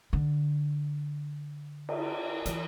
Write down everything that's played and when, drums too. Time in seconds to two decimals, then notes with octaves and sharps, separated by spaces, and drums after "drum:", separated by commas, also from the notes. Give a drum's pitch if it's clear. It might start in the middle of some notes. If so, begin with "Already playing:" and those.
0.13 D3
1.89 drum: cymbal
2.46 E3, drum: hi-hat